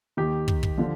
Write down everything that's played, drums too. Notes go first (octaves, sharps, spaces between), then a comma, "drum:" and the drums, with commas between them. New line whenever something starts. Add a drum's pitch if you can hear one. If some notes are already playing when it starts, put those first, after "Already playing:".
D#2 D#3 G4
drum: kick
drum: kick
D3 F3